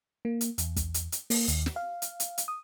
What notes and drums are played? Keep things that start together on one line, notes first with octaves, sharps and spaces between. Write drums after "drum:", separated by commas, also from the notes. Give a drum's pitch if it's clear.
A#3
drum: hi-hat
E2, drum: hi-hat
drum: kick, hi-hat
drum: hi-hat
drum: hi-hat
A#3, drum: open hi-hat
D#2, drum: hi-hat
drum: snare
F5
drum: hi-hat
drum: hi-hat
drum: hi-hat
D#6